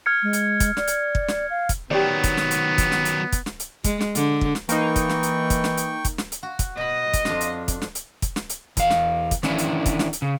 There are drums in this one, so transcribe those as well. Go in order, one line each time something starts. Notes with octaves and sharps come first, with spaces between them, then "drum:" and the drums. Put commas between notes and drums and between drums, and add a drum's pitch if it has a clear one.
F6 G#6 C#7
G#3
drum: hi-hat
drum: kick, hi-hat
D5, drum: snare
drum: hi-hat
drum: kick
drum: snare
F5
drum: kick, hi-hat
D#3 F#3 B3 G4 C#5 D5
drum: kick, hi-hat
drum: snare
drum: hi-hat
drum: kick, hi-hat
drum: snare
drum: hi-hat
drum: kick, hi-hat
drum: snare
drum: hi-hat
G#3, drum: kick, hi-hat
drum: snare
D3, drum: hi-hat
drum: kick
drum: snare
E3 A#3 D#4 G5 C#6, drum: hi-hat
drum: kick, hi-hat
drum: snare
drum: hi-hat
drum: kick, hi-hat
drum: snare
drum: hi-hat
drum: kick, hi-hat
drum: snare
drum: hi-hat
F#4
drum: kick, hi-hat
B2 D#5 B5
drum: kick, hi-hat
F2 D4 C6, drum: snare
drum: hi-hat
drum: kick, hi-hat
drum: snare
drum: hi-hat
drum: kick, hi-hat
drum: snare
drum: hi-hat
E2 F5, drum: kick, hi-hat
drum: snare
drum: kick, hi-hat
D#3 E3 C#4 D4 E4, drum: snare
drum: hi-hat
drum: kick, hi-hat
drum: snare
drum: hi-hat
C#3